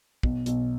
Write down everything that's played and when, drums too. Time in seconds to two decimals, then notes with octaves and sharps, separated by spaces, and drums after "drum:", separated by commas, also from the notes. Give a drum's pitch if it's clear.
0.23 B1, drum: kick
0.46 B1, drum: hi-hat